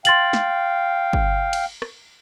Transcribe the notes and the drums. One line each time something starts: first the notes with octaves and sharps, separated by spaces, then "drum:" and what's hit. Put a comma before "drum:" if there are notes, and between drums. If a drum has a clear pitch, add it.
F5 G5 C6 A6 F#7, drum: hi-hat
drum: snare
drum: kick G1
drum: cymbal
drum: rim click